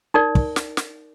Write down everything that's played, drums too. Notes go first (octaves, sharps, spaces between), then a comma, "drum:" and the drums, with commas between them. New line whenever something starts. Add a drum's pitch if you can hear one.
D#4 A#4 D5
drum: kick
drum: snare
drum: snare